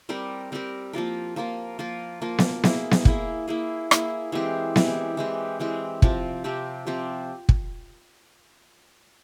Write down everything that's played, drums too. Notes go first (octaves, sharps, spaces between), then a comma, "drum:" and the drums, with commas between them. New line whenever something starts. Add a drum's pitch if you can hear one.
G3 C4 G4 A#4
G3 C4 G4 A#4
F3 A#3 F4 A#4
F3 A#3 F4 A#4
F3 A#3 F4 A#4
F3 A#3 F4 A#4
drum: snare B3
A#3 E4 G#4, drum: snare B3
drum: snare B3
A#3 E4 G#4, drum: kick
A#3 E4 G#4
A#3 E4 G#4, drum: rim click
E3 G#3 C4 G4
E3 G#3 C4 G4, drum: snare B3
E3 G#3 C4 G4
E3 G#3 C4 G4
C3 F3 C4 G4, drum: kick
C3 F3 C4 G4
C3 F3 C4 G4
drum: kick